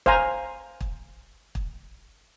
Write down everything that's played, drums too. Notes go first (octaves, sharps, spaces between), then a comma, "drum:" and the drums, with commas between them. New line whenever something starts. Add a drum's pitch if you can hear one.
C5 F5 G#5 A#5, drum: kick
drum: kick
drum: kick